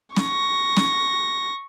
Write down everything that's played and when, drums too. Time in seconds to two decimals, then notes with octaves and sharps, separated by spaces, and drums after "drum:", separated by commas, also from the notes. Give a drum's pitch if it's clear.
0.16 C#6 A#6, drum: snare
0.77 drum: snare